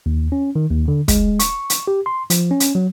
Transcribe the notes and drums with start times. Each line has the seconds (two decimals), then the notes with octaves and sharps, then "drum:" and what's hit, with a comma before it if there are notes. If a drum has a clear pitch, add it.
0.06 D#2
0.32 C#4
0.56 D#3
0.70 D#2
0.88 D3
1.08 G#3, drum: kick, hi-hat
1.39 C#6, drum: hi-hat
1.70 drum: hi-hat
1.88 G4
2.06 C6
2.30 F3, drum: hi-hat
2.51 C#4
2.60 drum: hi-hat
2.75 F#3